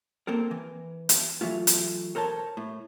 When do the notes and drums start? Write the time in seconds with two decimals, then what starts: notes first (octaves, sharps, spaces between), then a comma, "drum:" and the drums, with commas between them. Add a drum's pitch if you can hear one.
0.27 A#3 C4 A4 A#4
0.51 E3
1.09 drum: hi-hat
1.41 E3 F#3 A3 F4
1.67 drum: hi-hat
2.15 A4 A#4 C5 C#5 A5
2.57 A2